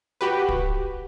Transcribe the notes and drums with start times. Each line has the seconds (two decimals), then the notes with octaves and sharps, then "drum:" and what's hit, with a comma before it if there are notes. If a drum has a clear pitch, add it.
0.21 F#4 G4 B4
0.49 drum: kick